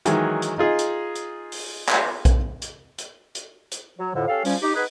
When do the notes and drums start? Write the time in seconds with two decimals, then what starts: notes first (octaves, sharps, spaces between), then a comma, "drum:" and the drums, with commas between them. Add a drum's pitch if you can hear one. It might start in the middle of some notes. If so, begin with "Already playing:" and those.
0.05 D#3 E3 F#3 G#3, drum: hi-hat
0.42 drum: hi-hat
0.58 D#4 F4 G#4 D#5
0.79 drum: hi-hat
1.15 drum: hi-hat
1.52 drum: open hi-hat
1.89 drum: clap
2.25 drum: kick A#1, hi-hat
2.62 drum: hi-hat
2.98 drum: hi-hat
3.35 drum: hi-hat
3.72 drum: hi-hat
3.98 F#3
4.15 F2 A2 D3
4.28 C#4 G4 A4 F5
4.45 F3 G3 C#4, drum: open hi-hat
4.62 D#4 G4
4.75 B3 D#4 G#4 B4